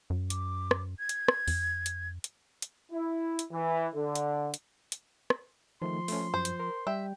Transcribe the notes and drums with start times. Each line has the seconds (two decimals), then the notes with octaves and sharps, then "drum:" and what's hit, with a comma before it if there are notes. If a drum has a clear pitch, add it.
0.10 F#2
0.30 D6, drum: hi-hat
0.71 drum: rim click
0.99 G#6
1.09 drum: hi-hat
1.28 drum: rim click
1.48 F2, drum: open hi-hat
1.86 drum: hi-hat
2.24 drum: hi-hat
2.62 drum: hi-hat
2.92 E4
3.39 drum: hi-hat
3.52 E3
3.94 D3
4.15 drum: hi-hat
4.54 drum: hi-hat
4.92 drum: hi-hat
5.30 drum: rim click
5.82 D#3 F3 A3 C6
6.08 A3 C#4, drum: open hi-hat
6.34 F#2 C5
6.45 drum: hi-hat
6.60 A#4
6.87 G3 E5 G5